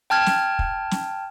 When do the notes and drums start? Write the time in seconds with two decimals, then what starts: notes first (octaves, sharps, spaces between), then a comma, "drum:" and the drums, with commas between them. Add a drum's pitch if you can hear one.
0.10 G5 A5 F6 G#6
0.26 drum: snare
0.59 drum: kick
0.91 drum: snare